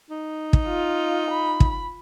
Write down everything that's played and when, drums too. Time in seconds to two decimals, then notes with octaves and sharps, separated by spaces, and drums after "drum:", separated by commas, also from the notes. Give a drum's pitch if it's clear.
0.10 D#4
0.53 drum: kick
0.67 F4
1.31 B5
1.60 drum: kick